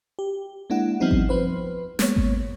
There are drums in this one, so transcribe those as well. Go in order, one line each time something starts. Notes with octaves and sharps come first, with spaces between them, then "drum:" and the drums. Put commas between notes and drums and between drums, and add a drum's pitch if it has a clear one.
G4
G#3 A#3 D4 E4 F#5
F3 G3 B3 C4 D#4 E4
drum: kick G#1
F3 C4 B4 C5
G#3 A#3 B3 C#5, drum: snare
drum: kick G#1